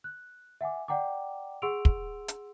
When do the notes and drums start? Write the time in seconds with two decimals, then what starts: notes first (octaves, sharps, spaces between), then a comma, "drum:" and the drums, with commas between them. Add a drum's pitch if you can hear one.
0.04 F#6
0.61 E5 F#5 G#5 D6
0.88 D5 F#5 G5 A#5 D6
1.62 G#4 F#5 C6 E6 D7 F7
1.85 drum: kick
2.28 drum: hi-hat